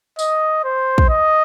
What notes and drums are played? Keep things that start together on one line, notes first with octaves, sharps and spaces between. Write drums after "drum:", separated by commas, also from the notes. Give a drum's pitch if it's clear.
D#5, drum: tambourine
C5
drum: kick
D#5